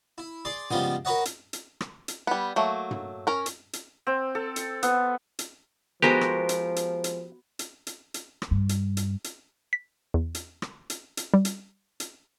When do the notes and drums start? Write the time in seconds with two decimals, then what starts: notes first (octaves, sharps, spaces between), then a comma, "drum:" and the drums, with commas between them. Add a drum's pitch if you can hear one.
0.18 E4
0.45 G#4 D5 C6
0.70 C#3 F3 G3 G#3 B3 G#5, drum: tom
1.05 F#4 A#4 B4 C#5 D#5 F#5
1.25 drum: hi-hat
1.53 drum: hi-hat
1.81 drum: rim click
2.08 drum: hi-hat
2.27 G3 B3
2.56 F#3 A3 A#3
2.91 drum: tom
3.27 C#4 A#4
3.46 drum: hi-hat
3.73 drum: hi-hat
4.07 C4
4.35 A4
4.56 drum: hi-hat
4.83 B3, drum: hi-hat
5.39 drum: hi-hat
6.02 F3 G#3 B3 F#4 G4 A#4 C5
6.21 drum: rim click
6.49 drum: hi-hat
6.76 drum: hi-hat
7.04 drum: hi-hat
7.59 drum: hi-hat
7.87 drum: hi-hat
8.14 drum: hi-hat
8.42 drum: rim click
8.51 G2
8.69 drum: hi-hat
8.97 drum: hi-hat
9.24 drum: hi-hat
9.73 B6
10.14 E2
10.35 drum: hi-hat
10.62 drum: rim click
10.90 drum: hi-hat
11.17 drum: hi-hat
11.34 G3
11.45 drum: hi-hat
12.00 drum: hi-hat